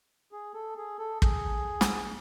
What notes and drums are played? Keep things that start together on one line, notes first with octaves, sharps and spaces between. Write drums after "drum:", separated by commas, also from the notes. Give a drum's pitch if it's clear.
G#4
A4
G#4
A4
G#4, drum: kick
drum: snare